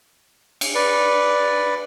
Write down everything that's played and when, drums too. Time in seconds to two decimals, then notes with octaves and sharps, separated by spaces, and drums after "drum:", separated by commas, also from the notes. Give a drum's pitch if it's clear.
0.61 drum: cymbal
0.75 B4 D5